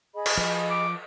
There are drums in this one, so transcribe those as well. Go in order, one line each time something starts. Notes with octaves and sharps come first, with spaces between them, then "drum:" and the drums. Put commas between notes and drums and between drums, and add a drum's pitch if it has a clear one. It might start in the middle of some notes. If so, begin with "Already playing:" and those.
G#4 D#5 B5
drum: cymbal
F3
D6